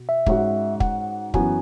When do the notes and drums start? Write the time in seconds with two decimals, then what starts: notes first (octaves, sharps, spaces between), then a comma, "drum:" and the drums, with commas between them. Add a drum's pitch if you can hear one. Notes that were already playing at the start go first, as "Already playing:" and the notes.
Already playing: B2
0.09 E5
0.26 G#2 G#3 C#4 F#4, drum: kick
0.80 F#5, drum: kick
1.34 F#2 E3 B3 F#4 G#5, drum: kick